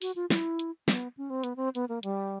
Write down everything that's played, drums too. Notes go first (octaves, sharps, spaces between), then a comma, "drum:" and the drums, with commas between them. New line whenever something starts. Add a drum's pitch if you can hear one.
F#4, drum: open hi-hat
F4
E4, drum: snare
drum: hi-hat
B3, drum: snare
C#4
C4
B3, drum: hi-hat
C4
B3, drum: hi-hat
A#3
G3, drum: hi-hat